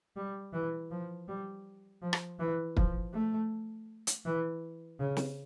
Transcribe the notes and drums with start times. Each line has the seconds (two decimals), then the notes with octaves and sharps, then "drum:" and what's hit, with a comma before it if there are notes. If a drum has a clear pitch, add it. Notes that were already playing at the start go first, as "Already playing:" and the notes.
0.16 G3
0.54 E3
0.91 F3
1.28 G3
2.02 F3
2.13 drum: rim click
2.39 E3
2.77 F3, drum: kick
3.14 A3
4.07 drum: hi-hat
4.26 E3
4.99 C#3
5.17 drum: snare